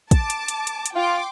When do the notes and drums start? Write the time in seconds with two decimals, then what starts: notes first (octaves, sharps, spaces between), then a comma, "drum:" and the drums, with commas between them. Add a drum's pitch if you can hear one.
0.11 A5 D6, drum: kick, hi-hat
0.30 drum: hi-hat
0.48 drum: hi-hat
0.67 drum: hi-hat
0.86 drum: hi-hat
0.95 F4 G5 C6 D6